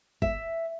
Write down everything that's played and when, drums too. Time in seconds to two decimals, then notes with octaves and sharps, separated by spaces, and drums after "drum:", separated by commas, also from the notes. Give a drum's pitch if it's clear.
0.22 E5, drum: kick